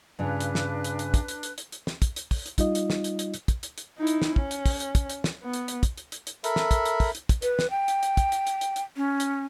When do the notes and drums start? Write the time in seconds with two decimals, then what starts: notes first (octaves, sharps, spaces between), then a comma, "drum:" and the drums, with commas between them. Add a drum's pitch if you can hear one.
0.19 G2 C#3 D4 F4 B4 F#6
0.40 drum: hi-hat
0.55 drum: snare
0.84 drum: hi-hat
0.99 drum: hi-hat
1.14 drum: kick, hi-hat
1.28 drum: hi-hat
1.43 drum: hi-hat
1.58 drum: hi-hat
1.72 drum: hi-hat
1.87 drum: snare
2.02 drum: kick, hi-hat
2.16 drum: hi-hat
2.31 drum: kick, open hi-hat
2.46 drum: hi-hat
2.58 G3 D#4 F4 D#5, drum: kick, hi-hat
2.75 drum: hi-hat
2.90 drum: snare
3.04 drum: hi-hat
3.19 drum: hi-hat
3.34 drum: hi-hat
3.48 drum: kick, hi-hat
3.63 drum: hi-hat
3.78 drum: hi-hat
3.98 D#4 E4
4.07 drum: hi-hat
4.22 drum: snare
4.36 C#4, drum: kick
4.51 drum: hi-hat
4.66 drum: kick, open hi-hat
4.80 drum: hi-hat
4.95 drum: kick, hi-hat
5.10 drum: hi-hat
5.24 drum: snare
5.43 B3
5.53 drum: hi-hat
5.68 drum: hi-hat
5.83 drum: kick, hi-hat
5.97 drum: hi-hat
6.12 drum: hi-hat
6.27 drum: hi-hat
6.44 A4 A#4 E5 B5, drum: hi-hat
6.56 drum: snare
6.71 drum: kick, hi-hat
6.85 drum: hi-hat
7.00 drum: kick, open hi-hat
7.15 drum: hi-hat
7.29 drum: kick, hi-hat
7.42 B4, drum: hi-hat
7.59 drum: snare
7.70 G5
7.88 drum: hi-hat
8.03 drum: hi-hat
8.17 drum: kick, hi-hat
8.32 drum: hi-hat
8.47 drum: hi-hat
8.61 drum: hi-hat
8.76 drum: hi-hat
8.97 C#4
9.20 drum: hi-hat